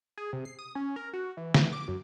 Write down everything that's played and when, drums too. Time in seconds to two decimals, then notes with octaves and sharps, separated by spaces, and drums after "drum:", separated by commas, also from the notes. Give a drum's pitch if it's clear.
0.18 G#4
0.33 C3
0.45 C7
0.59 D#6
0.75 C#4
0.96 A#4
1.13 F#4
1.37 E3
1.54 E3, drum: snare D3
1.73 D6
1.88 F#2